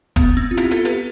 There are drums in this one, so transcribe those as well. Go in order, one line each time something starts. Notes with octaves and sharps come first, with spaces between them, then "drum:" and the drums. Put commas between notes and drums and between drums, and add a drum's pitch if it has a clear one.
B3, drum: kick, hi-hat
C4
F4
E4 G4, drum: hi-hat
F4 A4, drum: hi-hat
G4 B4, drum: hi-hat